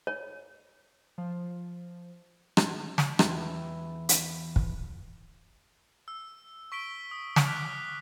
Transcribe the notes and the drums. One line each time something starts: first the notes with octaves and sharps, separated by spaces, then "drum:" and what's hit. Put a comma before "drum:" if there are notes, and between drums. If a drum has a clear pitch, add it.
C#5
F3
drum: rim click
drum: snare
E2 E3 F4 G5, drum: rim click
drum: hi-hat
drum: kick
E6
C#6 B6 D7 G7
D#6
drum: snare
D6 F6 F#6 B6